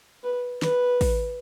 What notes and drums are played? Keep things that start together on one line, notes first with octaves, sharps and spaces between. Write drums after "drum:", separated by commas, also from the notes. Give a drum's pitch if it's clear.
B4
B4, drum: snare
drum: kick A1, open hi-hat